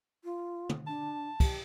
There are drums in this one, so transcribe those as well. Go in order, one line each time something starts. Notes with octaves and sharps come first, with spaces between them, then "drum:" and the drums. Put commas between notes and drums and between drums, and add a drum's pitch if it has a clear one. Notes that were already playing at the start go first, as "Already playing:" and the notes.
F4
drum: tom
D4 A5
G4, drum: kick, cymbal